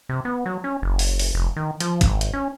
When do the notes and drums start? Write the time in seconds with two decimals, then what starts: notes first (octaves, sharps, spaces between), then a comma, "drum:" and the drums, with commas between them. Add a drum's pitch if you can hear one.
0.09 C3
0.25 B3
0.46 F#3
0.64 C#4
0.82 F#1
0.99 drum: open hi-hat
1.19 drum: open hi-hat
1.35 F1
1.56 D#3
1.80 F3, drum: hi-hat
2.01 G#1, drum: kick G1, hi-hat
2.21 drum: hi-hat
2.33 C#4